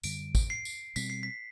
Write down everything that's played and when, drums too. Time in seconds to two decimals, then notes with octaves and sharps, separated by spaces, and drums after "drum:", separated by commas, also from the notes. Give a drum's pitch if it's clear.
0.03 F#2 D3 G3 D7, drum: tambourine
0.35 drum: kick, tambourine
0.50 C7
0.65 drum: tambourine
0.96 B2 G3 C4 B6, drum: tambourine
1.10 C7
1.23 B6